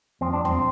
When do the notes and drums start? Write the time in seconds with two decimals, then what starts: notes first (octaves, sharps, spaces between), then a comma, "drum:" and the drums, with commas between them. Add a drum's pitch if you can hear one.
0.21 F2 C4
0.33 D4
0.45 C4, drum: tom D#2